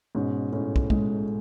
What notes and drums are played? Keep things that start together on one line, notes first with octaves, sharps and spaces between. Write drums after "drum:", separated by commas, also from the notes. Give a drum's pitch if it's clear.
G#2 B2 C#4
A2 C#4
drum: kick
G#3, drum: kick